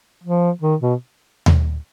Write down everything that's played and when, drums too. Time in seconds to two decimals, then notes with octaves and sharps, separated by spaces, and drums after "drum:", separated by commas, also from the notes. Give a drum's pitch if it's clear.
0.23 F3
0.61 D#3
0.81 B2
1.46 drum: tom D#2